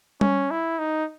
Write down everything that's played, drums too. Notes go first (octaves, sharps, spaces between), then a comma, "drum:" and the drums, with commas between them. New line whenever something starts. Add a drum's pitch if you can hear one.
C#4, drum: tom G3
E4
D#4